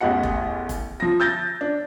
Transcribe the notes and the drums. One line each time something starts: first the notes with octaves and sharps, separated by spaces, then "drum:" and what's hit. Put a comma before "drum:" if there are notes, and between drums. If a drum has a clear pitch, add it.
A1 E2 G4 D#5 F#5 C#7
drum: kick F1
drum: kick F1, hi-hat
F3 A#6
E6 G6 A6 A#6
D4